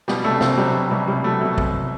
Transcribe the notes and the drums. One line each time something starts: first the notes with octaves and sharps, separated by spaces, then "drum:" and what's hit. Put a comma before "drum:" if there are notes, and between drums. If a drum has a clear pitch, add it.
B2 G3, drum: snare
C2 A3
C2 C4, drum: snare
F#3 G3
B2
C2 G3
C2 G3
F#3 A3
B2 A3
C2, drum: kick